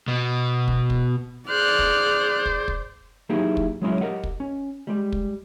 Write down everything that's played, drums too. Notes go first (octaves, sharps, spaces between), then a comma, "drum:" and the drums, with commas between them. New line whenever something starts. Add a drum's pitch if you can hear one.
B2
drum: kick
drum: kick
G#4 C5 D5 F6 F#6
drum: kick
drum: kick
drum: kick
F#3 A#3 D#4 E4 G4 G#4
drum: kick
F#3 G#3 C#4 E4 F4
G4 A#4 D#5 F#5
drum: kick
C#4
G3 G#3 G4
drum: kick